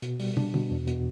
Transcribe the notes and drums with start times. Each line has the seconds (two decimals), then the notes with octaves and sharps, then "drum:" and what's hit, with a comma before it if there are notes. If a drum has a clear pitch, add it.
0.02 B2, drum: hi-hat
0.20 G3, drum: open hi-hat
0.37 D4, drum: tom
0.54 B2, drum: tom
0.71 E2
0.87 B2, drum: hi-hat